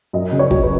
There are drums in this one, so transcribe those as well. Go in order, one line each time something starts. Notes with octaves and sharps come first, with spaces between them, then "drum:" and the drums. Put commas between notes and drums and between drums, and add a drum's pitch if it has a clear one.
F#2 D#5
C#3
C#5
F#3, drum: kick
B4